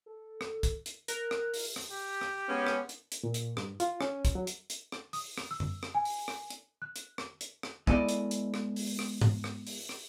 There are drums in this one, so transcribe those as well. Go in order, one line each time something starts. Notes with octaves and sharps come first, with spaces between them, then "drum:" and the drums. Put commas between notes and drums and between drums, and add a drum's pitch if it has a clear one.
A4
drum: rim click
drum: kick, hi-hat
drum: hi-hat
A#4 F#6, drum: hi-hat
drum: rim click
drum: open hi-hat
drum: rim click
G4
drum: rim click
G#3 B3 C#4
drum: rim click
drum: hi-hat
drum: hi-hat
A#2
drum: hi-hat
G2, drum: rim click
F4, drum: hi-hat
C#4, drum: rim click
drum: kick, hi-hat
F#3
drum: hi-hat
drum: hi-hat
drum: rim click
D#6, drum: open hi-hat
drum: rim click
E6
drum: tom F#2
drum: rim click
G#5
drum: open hi-hat
drum: rim click
drum: hi-hat
F#6
drum: hi-hat
drum: rim click
drum: hi-hat
drum: rim click
G#3 B3 E4 A4 D5 D#5, drum: kick
drum: hi-hat
drum: hi-hat
drum: rim click
drum: open hi-hat
drum: rim click
drum: tom G#2
drum: rim click
drum: open hi-hat
drum: rim click